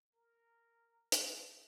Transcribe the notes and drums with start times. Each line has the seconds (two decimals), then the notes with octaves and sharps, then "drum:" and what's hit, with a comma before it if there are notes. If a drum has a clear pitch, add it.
0.15 A#4
1.12 A4, drum: hi-hat